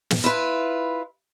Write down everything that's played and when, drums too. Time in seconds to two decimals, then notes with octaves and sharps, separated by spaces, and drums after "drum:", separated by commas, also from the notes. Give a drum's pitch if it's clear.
0.10 drum: snare
0.24 E4 F4 B4